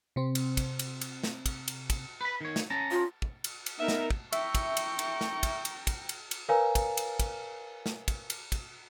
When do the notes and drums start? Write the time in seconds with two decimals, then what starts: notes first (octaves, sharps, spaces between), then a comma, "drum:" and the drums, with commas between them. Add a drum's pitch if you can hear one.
0.16 C3 C4
0.35 drum: cymbal
0.57 drum: kick, cymbal
0.79 drum: cymbal
1.01 drum: cymbal
1.24 drum: snare
1.46 drum: kick, cymbal
1.68 drum: cymbal
1.90 drum: kick, cymbal
2.21 B4 B5
2.41 D#3 C#5
2.56 drum: snare
2.70 C#4 A5 A#5
2.91 F4
3.22 drum: kick
3.44 drum: cymbal
3.66 drum: cymbal
3.79 B3 D#4 A#4 E5
3.88 drum: snare
4.10 drum: kick
4.33 E5 G5 A#5 C#6, drum: cymbal
4.55 drum: kick, cymbal
4.77 drum: cymbal
4.99 drum: cymbal
5.21 drum: snare
5.43 drum: kick, cymbal
5.65 drum: cymbal
5.87 drum: kick, cymbal
6.09 drum: cymbal
6.31 drum: cymbal
6.49 A#4 B4 C#5 F5 G#5 A#5
6.75 drum: kick, cymbal
6.97 drum: cymbal
7.19 drum: kick, cymbal
7.86 drum: snare
8.08 drum: kick, cymbal
8.30 drum: cymbal
8.52 drum: kick, cymbal